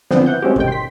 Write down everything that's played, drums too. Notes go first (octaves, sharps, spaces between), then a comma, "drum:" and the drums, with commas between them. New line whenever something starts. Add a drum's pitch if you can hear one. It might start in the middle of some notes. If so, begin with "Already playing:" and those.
D3 F3 B3 C4, drum: snare
E3 F#5 G6
G#3 A3 C4 C#4 F#4 G4
G#1 D#3 G5, drum: tom B2
C6 B6